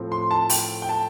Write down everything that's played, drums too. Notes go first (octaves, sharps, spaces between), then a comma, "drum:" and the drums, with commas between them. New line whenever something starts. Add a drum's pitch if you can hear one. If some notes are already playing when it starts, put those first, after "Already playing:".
Already playing: A2 F3 A3 C4
C6
A5
G5, drum: open hi-hat
G5
A5